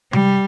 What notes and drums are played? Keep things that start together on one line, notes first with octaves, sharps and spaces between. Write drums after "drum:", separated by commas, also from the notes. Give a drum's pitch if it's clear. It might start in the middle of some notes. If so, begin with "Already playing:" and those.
G3, drum: tom C3